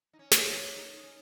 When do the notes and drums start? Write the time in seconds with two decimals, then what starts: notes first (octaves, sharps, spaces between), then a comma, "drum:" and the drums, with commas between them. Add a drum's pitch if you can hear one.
0.13 D#4
0.19 C#4
0.31 drum: snare
0.75 D#4
1.03 C#4